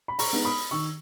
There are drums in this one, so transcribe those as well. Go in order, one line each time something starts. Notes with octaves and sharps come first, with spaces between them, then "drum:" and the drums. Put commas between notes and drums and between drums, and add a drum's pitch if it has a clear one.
B5
A#5 C#6, drum: open hi-hat
G#3 B3 D#4
B5 D#6
D#3 C#6 E6